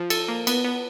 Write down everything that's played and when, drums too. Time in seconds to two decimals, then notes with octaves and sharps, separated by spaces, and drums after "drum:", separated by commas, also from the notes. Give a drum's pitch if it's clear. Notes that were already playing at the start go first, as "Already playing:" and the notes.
Already playing: F3
0.10 A4, drum: cymbal
0.28 A#3
0.47 B3, drum: cymbal
0.64 B3